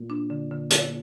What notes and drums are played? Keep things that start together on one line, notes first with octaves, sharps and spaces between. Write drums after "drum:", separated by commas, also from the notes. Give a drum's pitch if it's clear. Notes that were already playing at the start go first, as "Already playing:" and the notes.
Already playing: A#2
D4
D3
D3
D3, drum: hi-hat